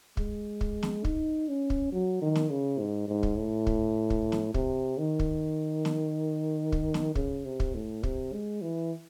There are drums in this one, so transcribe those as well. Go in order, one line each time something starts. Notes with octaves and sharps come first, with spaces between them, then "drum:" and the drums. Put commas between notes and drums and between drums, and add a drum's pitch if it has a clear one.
G#3, drum: kick
drum: kick
drum: snare
D#4, drum: kick
C#4
drum: kick
F#3
D#3
drum: snare
C#3
G#2
G#2
drum: kick
A2
drum: kick
drum: kick
drum: snare
C3, drum: kick
D#3
drum: kick
drum: snare
drum: kick
drum: snare
C#3, drum: kick
C3
drum: kick
A2
C3, drum: kick
G#3
E3